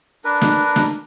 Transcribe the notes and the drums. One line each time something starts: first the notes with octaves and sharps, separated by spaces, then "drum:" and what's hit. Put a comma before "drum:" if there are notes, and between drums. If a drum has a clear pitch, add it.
D4 A#4 B4
drum: snare
drum: snare